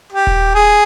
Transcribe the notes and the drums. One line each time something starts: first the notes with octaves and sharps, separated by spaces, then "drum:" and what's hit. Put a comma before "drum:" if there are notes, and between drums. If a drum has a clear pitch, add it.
G4
drum: kick D#1
G#4